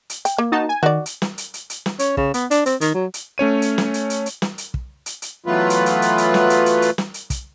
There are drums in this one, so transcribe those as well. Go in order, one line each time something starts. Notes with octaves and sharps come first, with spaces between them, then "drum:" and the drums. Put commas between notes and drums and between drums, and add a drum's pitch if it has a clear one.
drum: hi-hat
G5, drum: hi-hat
A#3
D#4 F#4 A5
G#5
D#3 F#4 D5
drum: hi-hat
drum: snare
drum: hi-hat
drum: hi-hat
drum: hi-hat
drum: snare
C#4, drum: hi-hat
C#3, drum: kick
B3, drum: hi-hat
D4, drum: hi-hat
C4, drum: hi-hat
D#3, drum: hi-hat
F#3
drum: hi-hat
A3 C#4 C#5 D#7
drum: hi-hat
drum: snare
drum: hi-hat
drum: hi-hat
drum: hi-hat
drum: snare
drum: hi-hat
drum: kick
drum: hi-hat
drum: hi-hat
E3 F#3 A3 B3 F4 B4
drum: hi-hat
drum: hi-hat
drum: hi-hat
drum: hi-hat
drum: snare
drum: hi-hat
drum: hi-hat
drum: hi-hat
drum: snare
drum: hi-hat
drum: kick, hi-hat